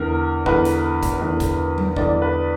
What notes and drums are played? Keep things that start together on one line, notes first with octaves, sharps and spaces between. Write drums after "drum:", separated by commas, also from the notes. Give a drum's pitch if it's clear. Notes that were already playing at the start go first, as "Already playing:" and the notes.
Already playing: E2 D3 A#4
E2 D3 B4, drum: kick G#1
drum: hi-hat
drum: kick G#1, hi-hat
E2 D3
drum: kick G#1, hi-hat
drum: tom F#3
E2 D3 D5, drum: kick G#1
B4